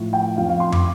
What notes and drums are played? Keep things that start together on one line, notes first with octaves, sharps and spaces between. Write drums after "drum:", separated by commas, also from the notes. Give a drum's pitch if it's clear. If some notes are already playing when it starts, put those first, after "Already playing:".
Already playing: A2 F3
G5
F2 F3 F5
F5
C6
D6, drum: tom